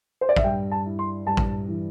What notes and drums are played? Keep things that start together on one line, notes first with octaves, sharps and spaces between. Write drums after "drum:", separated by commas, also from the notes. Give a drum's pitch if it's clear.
C5
D5
E5, drum: kick
G2 G5
A5
E4
C6
G2 A5
drum: kick
E3